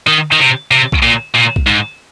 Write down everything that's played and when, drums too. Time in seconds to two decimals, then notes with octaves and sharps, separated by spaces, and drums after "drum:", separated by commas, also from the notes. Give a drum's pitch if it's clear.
0.07 D#3
0.32 D#3
0.40 C3
0.71 C3
0.92 drum: kick B1
1.03 A#2
1.34 A#2
1.56 drum: kick B1
1.67 G#2